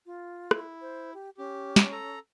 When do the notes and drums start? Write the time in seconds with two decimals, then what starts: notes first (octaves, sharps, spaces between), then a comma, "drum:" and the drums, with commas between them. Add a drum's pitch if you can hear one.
0.06 F4
0.51 E4, drum: rim click
0.81 C5
1.14 G4
1.38 C#4 G4
1.76 drum: snare
1.92 A4 A#5